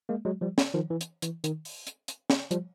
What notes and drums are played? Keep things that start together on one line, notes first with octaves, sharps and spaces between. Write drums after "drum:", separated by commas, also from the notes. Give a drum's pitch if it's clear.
G#3 A#3
F#3 G#3
F3 G3
drum: snare
D#3 F3
E3
drum: hi-hat
E3, drum: hi-hat
D#3, drum: hi-hat
drum: open hi-hat
drum: hi-hat
drum: hi-hat
drum: snare
F3 G3, drum: hi-hat